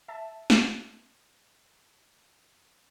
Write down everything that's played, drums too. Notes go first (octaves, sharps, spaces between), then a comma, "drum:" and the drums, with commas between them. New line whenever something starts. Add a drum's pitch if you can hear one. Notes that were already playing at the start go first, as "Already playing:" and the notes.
E5 A5
drum: snare